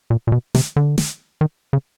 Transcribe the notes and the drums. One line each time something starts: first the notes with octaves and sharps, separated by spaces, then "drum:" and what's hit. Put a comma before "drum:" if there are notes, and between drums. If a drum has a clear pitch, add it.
A#2
A#2
B2
C3, drum: snare
D3
drum: snare
D#3
C#3